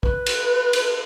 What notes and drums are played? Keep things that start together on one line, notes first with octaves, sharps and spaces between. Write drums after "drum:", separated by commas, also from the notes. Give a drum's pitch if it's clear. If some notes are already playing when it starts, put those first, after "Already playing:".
B4, drum: kick
drum: cymbal
drum: cymbal